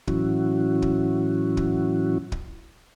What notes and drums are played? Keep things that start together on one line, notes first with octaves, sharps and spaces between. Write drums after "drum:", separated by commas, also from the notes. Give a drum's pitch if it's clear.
A2 E3 F#3 C#4 E4 F#4, drum: kick
drum: kick
drum: kick
drum: kick